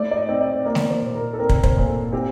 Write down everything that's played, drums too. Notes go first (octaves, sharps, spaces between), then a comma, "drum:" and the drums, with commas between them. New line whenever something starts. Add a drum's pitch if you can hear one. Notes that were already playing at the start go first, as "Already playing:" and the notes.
Already playing: A3 D5
D5
D#5
C4
D5
A#3 D5
drum: snare A3
C5
A#2
A#4
A4
C4 A#4
drum: kick
C5, drum: kick
A#2
A4
C4 G4